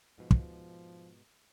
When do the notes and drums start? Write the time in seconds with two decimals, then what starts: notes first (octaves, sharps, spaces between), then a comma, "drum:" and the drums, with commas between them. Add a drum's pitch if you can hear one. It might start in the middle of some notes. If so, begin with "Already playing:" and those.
0.18 G#2 B2 F3
0.31 drum: kick